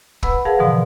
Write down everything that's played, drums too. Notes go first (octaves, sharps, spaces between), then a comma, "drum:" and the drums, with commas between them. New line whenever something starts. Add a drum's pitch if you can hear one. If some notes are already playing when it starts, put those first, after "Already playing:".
B4 F#5 B5 E6, drum: kick
G#4 A#4 B4 F5 F#5 A5
G#2 B2 D3 E3 F3